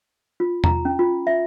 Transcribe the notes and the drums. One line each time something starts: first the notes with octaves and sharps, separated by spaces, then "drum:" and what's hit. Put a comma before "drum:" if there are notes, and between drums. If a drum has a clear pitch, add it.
F4
A#5, drum: tom E2
C#4
F4
E5